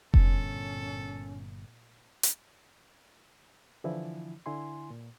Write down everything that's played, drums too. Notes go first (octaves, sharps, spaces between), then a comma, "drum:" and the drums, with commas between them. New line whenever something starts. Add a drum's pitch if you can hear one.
G1 A#2 C#4 A4, drum: kick F1
drum: hi-hat
D3 E3 F3 E4
D3 E4 G#5 C6
A#2